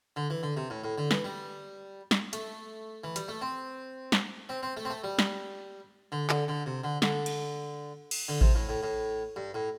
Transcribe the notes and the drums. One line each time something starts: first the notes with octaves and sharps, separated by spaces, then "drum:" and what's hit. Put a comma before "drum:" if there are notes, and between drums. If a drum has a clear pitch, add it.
D3
E3
D3
C3
A2
A2
D3
E3, drum: snare
G3
drum: snare
A3, drum: hi-hat
E3
G3, drum: hi-hat
A3
C4
drum: snare
C4
C4
A3
C4
A3
G3
drum: snare
D3
D3, drum: clap
D3
C3
D3
D3, drum: snare
drum: cymbal
drum: cymbal
D3
C3, drum: kick A1
A2
A2
A2
G2
A2